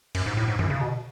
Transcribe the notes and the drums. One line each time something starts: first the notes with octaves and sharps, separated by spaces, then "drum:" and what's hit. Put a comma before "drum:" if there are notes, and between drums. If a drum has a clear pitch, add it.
F#2, drum: cymbal
G#2
A2
G#2
F#2, drum: tom D3
C#3
B2